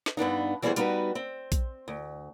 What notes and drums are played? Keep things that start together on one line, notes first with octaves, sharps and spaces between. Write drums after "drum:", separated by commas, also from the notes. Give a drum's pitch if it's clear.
drum: snare
G2 B3 D4 D#4
E3 G3 B3 F#4 G#4 C5
G3 B3 D#4 F#4 B4, drum: hi-hat
C4
drum: kick A#1, hi-hat
D2